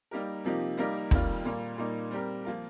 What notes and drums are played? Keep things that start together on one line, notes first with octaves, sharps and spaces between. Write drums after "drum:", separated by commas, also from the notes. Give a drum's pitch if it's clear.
G3 A#3 D#4 G4 A#4
C3 F3 A#3 D#4 G4
G3 A#3 D#4 G4 A#4
F2 D#3 G3 A#3 F4, drum: kick
A#2 G3 A#3
A#2 G3 A#3 D#4
G3 C4 G4 A#4
F3 A#3 F4 A#4